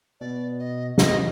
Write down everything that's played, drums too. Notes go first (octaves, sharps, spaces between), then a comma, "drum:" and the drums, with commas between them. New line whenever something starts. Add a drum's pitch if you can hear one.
B2 D5
D#5
C3 D#5, drum: snare